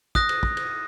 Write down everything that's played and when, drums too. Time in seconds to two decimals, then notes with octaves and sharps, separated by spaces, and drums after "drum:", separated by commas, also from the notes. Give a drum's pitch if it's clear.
0.15 D#6 F#6 A#6, drum: kick
0.29 drum: cymbal
0.43 drum: kick
0.57 drum: cymbal